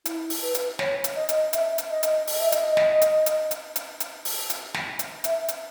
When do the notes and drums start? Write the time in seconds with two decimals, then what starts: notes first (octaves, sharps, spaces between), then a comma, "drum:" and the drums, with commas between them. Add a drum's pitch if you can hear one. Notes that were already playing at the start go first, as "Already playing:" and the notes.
0.05 E4, drum: hi-hat
0.30 drum: open hi-hat
0.42 B4
0.55 drum: hi-hat
0.79 C#5, drum: snare
1.04 drum: hi-hat
1.16 D#5
1.29 drum: hi-hat
1.53 E5, drum: hi-hat
1.78 drum: hi-hat
1.90 D#5
2.03 drum: hi-hat
2.27 D#5, drum: open hi-hat
2.40 E5
2.52 D#5, drum: hi-hat
2.77 drum: snare
3.02 drum: hi-hat
3.26 drum: hi-hat
3.51 drum: hi-hat
3.76 drum: hi-hat
4.00 drum: hi-hat
4.25 drum: open hi-hat
4.50 drum: hi-hat
4.74 drum: snare
4.99 drum: hi-hat
5.24 E5, drum: hi-hat
5.48 drum: hi-hat